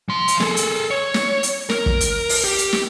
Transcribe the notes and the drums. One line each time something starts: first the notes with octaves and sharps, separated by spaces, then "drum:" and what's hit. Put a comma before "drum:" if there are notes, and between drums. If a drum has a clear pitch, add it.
F3 C6
drum: hi-hat
G#4 A4, drum: snare
drum: hi-hat
C#5
drum: snare
drum: hi-hat
A#4, drum: snare
drum: kick
drum: hi-hat
drum: open hi-hat
G4
drum: hi-hat
drum: snare